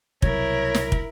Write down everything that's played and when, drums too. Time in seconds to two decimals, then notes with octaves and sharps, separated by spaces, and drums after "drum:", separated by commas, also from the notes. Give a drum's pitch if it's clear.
0.22 C2 B2 F#3 E4 A#4 C#5, drum: kick
0.74 drum: snare
0.92 drum: kick